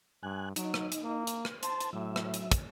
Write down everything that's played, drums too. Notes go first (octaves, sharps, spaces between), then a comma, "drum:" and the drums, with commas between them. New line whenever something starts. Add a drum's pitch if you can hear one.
G2 G#5 F#6
F#3 D#4, drum: hi-hat
drum: rim click
drum: hi-hat
A#3
drum: hi-hat
drum: rim click
C5 A5, drum: hi-hat
drum: hi-hat
A2 F#3 E5
drum: rim click
drum: hi-hat
drum: kick, hi-hat